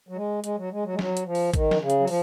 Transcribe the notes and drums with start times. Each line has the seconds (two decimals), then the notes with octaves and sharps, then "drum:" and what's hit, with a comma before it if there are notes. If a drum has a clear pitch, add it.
0.09 F#3
0.16 G#3
0.44 G#3, drum: hi-hat
0.57 F#3
0.72 G#3
0.84 F#3
0.93 G#3
0.99 F#3, drum: snare
1.17 drum: hi-hat
1.26 F3
1.35 drum: open hi-hat
1.54 D#3, drum: kick, hi-hat
1.71 drum: snare
1.81 C#3
1.90 drum: hi-hat
2.00 F#3
2.07 F3, drum: open hi-hat